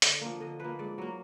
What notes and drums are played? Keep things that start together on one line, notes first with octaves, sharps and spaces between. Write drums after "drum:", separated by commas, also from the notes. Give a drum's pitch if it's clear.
D3 D5, drum: hi-hat
F3 A#3
D3 D#5
F3 A#3 B4
G#2 D5
F#3 A#3